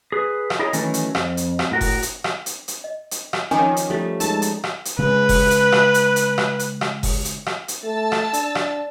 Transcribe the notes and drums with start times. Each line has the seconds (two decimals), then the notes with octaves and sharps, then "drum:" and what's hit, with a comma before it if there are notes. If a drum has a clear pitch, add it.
0.12 G#4 B4
0.50 drum: rim click
0.59 E4 G#4 A#4 C#5 D#5
0.73 D#3 E3 F#3 A3 C#4, drum: hi-hat
0.94 drum: hi-hat
1.15 F2, drum: rim click
1.37 drum: hi-hat
1.59 drum: rim click
1.71 A2 F#4 A#4
1.81 drum: kick F#1, open hi-hat
2.02 drum: hi-hat
2.24 drum: rim click
2.46 drum: hi-hat
2.68 drum: hi-hat
2.84 D#5
3.11 drum: hi-hat
3.33 drum: rim click
3.51 D#3 F3 C#4 G#5 C6 D6
3.77 drum: hi-hat
3.90 F3 G3 A3
4.20 G#3 D#4 A#4 A5, drum: hi-hat
4.42 drum: hi-hat
4.64 drum: rim click
4.85 drum: hi-hat
4.99 C#3 G#3 B4
5.29 drum: kick F#1, open hi-hat
5.51 drum: hi-hat
5.72 drum: rim click
5.94 drum: hi-hat
6.16 drum: hi-hat
6.38 drum: rim click
6.59 drum: hi-hat
6.81 drum: rim click
7.03 drum: kick F#1, open hi-hat
7.25 drum: hi-hat
7.46 drum: rim click
7.68 drum: hi-hat
7.83 A3 A5 E6 A6
8.12 drum: rim click
8.34 D4, drum: hi-hat
8.55 drum: rim click